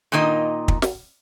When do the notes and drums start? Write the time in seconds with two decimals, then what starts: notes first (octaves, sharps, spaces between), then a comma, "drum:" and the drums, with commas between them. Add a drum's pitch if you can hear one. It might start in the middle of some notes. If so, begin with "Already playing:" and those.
0.12 A#2 D#3 A#3 D#4 D#5
0.68 drum: kick
0.82 drum: snare